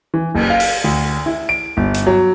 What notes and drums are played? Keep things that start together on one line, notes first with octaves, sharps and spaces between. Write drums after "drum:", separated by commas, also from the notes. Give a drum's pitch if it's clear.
E3
F#1, drum: cymbal
F5
drum: open hi-hat
D2
E4
D7
G1
drum: hi-hat
F#3